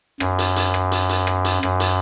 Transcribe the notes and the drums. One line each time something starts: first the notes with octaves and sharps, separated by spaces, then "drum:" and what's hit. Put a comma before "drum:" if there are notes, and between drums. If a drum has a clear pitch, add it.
F#2, drum: rim click
drum: hi-hat
drum: hi-hat
drum: rim click
drum: hi-hat
drum: hi-hat
drum: rim click
drum: hi-hat
F#2, drum: rim click
drum: hi-hat